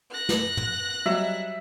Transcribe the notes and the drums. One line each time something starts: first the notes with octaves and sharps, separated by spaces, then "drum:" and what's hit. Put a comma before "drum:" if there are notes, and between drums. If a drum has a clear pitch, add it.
F#6 A#6
drum: snare
drum: tom
F#3 G3 E5